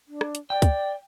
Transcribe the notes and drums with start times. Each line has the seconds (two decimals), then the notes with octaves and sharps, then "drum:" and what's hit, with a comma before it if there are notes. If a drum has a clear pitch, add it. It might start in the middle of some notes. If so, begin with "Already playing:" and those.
0.07 D4
0.21 drum: rim click
0.35 drum: hi-hat
0.50 D5 G5
0.62 drum: kick, hi-hat